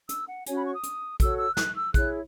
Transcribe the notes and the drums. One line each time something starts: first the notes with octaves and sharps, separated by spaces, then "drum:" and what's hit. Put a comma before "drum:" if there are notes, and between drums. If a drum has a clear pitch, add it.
E6, drum: hi-hat
F#5
C#4 F#4 C#5 G#5, drum: hi-hat
B5
C#6
D#6
drum: hi-hat
F#4 A4 C#5 E6, drum: kick A#1, hi-hat
E6
F#6, drum: snare
E6
E4 G#4 C#5 F#6, drum: kick A#1, hi-hat